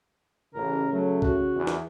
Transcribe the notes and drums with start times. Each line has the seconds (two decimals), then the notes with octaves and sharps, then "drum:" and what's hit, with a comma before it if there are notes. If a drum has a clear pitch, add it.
0.55 A1 C#3 A#4
0.92 F#3 A3
1.22 F#4, drum: kick B1
1.56 E2
1.67 drum: snare